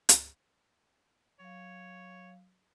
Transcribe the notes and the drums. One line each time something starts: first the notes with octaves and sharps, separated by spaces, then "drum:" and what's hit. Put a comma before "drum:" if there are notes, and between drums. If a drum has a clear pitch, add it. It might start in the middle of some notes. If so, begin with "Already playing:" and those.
drum: hi-hat
F#3 C#5 F5